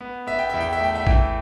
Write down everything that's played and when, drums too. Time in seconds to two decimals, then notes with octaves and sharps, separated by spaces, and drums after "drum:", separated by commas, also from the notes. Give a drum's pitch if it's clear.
0.01 B3
0.27 B3 E5
0.39 G5
0.50 E2 E5
0.60 G5
0.73 E5
0.80 A3 G5
0.95 E5
1.07 E3 G5, drum: kick